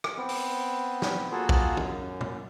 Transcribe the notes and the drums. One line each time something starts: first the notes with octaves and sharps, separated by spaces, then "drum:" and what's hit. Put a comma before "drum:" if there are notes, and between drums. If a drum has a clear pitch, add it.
drum: rim click
B3 C4
drum: open hi-hat
drum: snare
A#3 F4 F#4 G#4 A4
drum: kick A#1
F#2, drum: tom
drum: tom